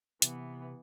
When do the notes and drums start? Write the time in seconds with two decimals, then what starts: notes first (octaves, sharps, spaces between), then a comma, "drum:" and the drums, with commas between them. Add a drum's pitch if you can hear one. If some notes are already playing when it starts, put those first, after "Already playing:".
0.22 C3 E3 B3, drum: hi-hat